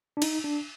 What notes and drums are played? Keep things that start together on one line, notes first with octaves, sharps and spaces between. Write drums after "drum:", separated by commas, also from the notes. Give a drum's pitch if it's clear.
D4
D#4, drum: cymbal
D4